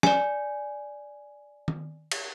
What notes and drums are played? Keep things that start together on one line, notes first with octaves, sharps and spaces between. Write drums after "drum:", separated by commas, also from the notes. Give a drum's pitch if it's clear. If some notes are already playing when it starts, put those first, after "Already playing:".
D5 G#5, drum: snare
drum: tom D#3
drum: cymbal